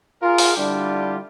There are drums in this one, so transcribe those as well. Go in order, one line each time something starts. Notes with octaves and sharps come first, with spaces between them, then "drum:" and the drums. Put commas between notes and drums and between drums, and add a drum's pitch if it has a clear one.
F4 G#4 A#4
drum: open hi-hat
D3 G3 D4 E4 F4 G4